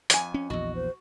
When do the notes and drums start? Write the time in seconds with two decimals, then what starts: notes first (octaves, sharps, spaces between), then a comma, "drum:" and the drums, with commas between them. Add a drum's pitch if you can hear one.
0.10 F2 G#5, drum: hi-hat
0.34 C#4
0.50 A#1 E2 F#4 D#5
0.75 C5